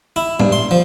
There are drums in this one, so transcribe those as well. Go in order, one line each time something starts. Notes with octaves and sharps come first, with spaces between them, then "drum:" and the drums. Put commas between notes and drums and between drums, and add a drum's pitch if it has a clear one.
E4
G2, drum: tom A2
C6
F3